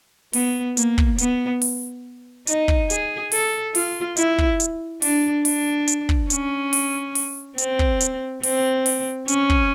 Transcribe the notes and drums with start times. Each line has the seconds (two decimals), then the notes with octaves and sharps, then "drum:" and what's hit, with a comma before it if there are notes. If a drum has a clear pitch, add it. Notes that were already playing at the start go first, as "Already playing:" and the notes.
0.33 B3, drum: open hi-hat
0.77 A#3, drum: hi-hat
0.98 drum: kick
1.18 B3, drum: hi-hat
1.62 drum: open hi-hat
2.47 D#4, drum: hi-hat
2.68 drum: kick
2.90 G#4, drum: hi-hat
3.32 A4, drum: open hi-hat
3.75 F4, drum: open hi-hat
4.16 E4, drum: hi-hat
4.38 drum: kick
4.60 drum: hi-hat
5.02 D4, drum: open hi-hat
5.45 D4, drum: open hi-hat
5.87 drum: hi-hat
6.09 drum: kick
6.30 C#4, drum: hi-hat
6.73 drum: open hi-hat
7.15 drum: open hi-hat
7.58 C4, drum: hi-hat
7.79 drum: kick
8.00 drum: hi-hat
8.43 C4, drum: open hi-hat
8.86 drum: open hi-hat
9.28 C#4, drum: hi-hat
9.50 drum: kick